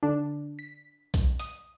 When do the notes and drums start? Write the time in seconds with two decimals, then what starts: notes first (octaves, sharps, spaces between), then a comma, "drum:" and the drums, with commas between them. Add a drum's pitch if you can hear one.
0.03 D3 D4
0.59 B6
1.14 drum: kick B1, hi-hat
1.40 D#6, drum: hi-hat